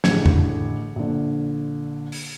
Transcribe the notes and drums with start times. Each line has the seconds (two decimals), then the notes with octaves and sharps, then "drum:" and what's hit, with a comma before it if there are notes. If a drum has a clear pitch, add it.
0.04 A1 A2 D3 G#4 G#6 C#7, drum: snare
0.26 drum: tom
0.96 A#1 D3
2.12 drum: open hi-hat